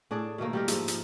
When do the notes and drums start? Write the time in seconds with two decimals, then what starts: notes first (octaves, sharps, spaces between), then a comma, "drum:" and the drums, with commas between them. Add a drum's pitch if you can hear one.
0.11 A2 D4 G#4 D5
0.38 B2 D#3 A3 A#3
0.53 G3 G4 A#4
0.68 G#2 F3 E5, drum: hi-hat
0.88 drum: hi-hat